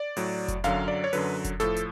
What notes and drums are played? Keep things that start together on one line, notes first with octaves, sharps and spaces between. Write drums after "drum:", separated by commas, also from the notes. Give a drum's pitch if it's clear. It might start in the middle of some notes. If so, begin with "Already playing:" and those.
Already playing: D5
A2 F#3, drum: open hi-hat
drum: kick F1, hi-hat
F#2 D3 F#3 F5, drum: snare
D5
C#5
F#2 D3 F#3 B4, drum: open hi-hat
drum: kick F1, hi-hat
A2 F3 A4, drum: snare
drum: hi-hat